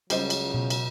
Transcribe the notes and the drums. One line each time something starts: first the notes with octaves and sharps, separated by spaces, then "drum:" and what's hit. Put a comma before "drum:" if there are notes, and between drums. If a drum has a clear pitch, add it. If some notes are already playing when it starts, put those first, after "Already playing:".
C#2 C#3 F#3 G3 C5 D#5, drum: cymbal
drum: cymbal
B2 B3
drum: cymbal